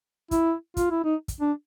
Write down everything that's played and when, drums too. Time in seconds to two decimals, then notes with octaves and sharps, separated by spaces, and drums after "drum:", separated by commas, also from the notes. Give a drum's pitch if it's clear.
0.31 E4, drum: kick, hi-hat
0.77 F4, drum: kick, hi-hat
0.91 E4
1.04 D#4
1.28 drum: kick, hi-hat
1.41 D4